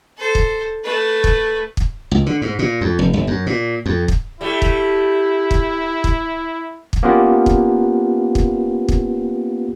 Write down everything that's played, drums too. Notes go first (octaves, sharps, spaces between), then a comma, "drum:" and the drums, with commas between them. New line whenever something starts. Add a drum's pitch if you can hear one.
A4 C5
drum: kick
A3 B4
drum: kick
drum: kick
C#2
D3
G#2
A#2
F2
F1
G1
F#2
A#2
F2
drum: kick
G3 A3 E4
drum: kick
drum: kick
drum: kick
drum: kick
A#3 B3 C#4 F4 G4 B4
drum: kick
drum: kick
drum: kick